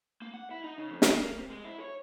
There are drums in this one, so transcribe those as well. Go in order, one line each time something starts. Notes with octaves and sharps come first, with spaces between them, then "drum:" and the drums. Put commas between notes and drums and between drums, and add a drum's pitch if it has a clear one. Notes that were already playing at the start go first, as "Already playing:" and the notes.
A#3
F#5
E4
D#4
C#3
F2
G#3, drum: snare
A#3
C3
G#3
E4
C#5